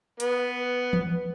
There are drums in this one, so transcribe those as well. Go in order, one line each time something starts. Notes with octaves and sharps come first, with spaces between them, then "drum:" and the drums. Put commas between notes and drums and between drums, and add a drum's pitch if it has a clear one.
B3, drum: hi-hat
drum: tom E3